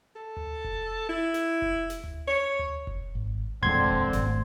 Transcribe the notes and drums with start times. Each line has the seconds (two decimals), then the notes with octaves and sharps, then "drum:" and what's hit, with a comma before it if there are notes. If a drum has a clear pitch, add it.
0.16 A4
0.37 drum: tom D2
0.64 drum: kick F1
1.09 E4
1.34 drum: snare
1.62 drum: kick F1
1.90 drum: snare
2.04 drum: tom D2
2.28 C#5
2.59 drum: tom D2
2.87 drum: kick F1
3.15 G#1
3.63 D#1 F2 D3 G#3 C4 C6 G#6
3.85 drum: kick F1
4.13 G#1, drum: snare
4.26 drum: tom